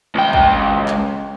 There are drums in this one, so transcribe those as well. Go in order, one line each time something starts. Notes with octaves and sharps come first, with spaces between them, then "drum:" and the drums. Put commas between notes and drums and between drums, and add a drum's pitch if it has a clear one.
C#2 G5
drum: kick
drum: clap